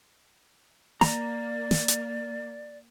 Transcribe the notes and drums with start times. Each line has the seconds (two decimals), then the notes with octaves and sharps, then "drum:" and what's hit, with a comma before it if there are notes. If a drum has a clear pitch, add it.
1.01 A#3 D5 A#5, drum: snare
1.71 drum: snare
1.88 drum: hi-hat